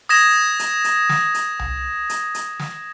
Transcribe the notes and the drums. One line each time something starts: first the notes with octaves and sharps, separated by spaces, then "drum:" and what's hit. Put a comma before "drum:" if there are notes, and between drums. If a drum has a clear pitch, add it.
D#6 G#6 A#6 E7
drum: hi-hat
drum: hi-hat
drum: snare
drum: hi-hat
drum: tom C2
drum: hi-hat
drum: hi-hat
drum: snare